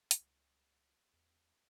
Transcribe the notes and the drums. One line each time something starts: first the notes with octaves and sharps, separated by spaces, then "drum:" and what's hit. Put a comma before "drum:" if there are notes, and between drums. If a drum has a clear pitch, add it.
drum: hi-hat
C#2
E2